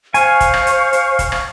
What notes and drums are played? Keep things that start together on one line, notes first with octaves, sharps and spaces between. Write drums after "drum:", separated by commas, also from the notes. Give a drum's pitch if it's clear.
C5 F5 G#5 C#6, drum: hi-hat
drum: kick, hi-hat
drum: rim click
drum: hi-hat
drum: hi-hat
drum: kick, hi-hat
drum: rim click